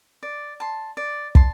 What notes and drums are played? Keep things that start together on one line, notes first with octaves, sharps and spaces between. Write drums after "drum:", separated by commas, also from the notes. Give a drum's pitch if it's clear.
D5
A5 C6
D5
A5 C6, drum: kick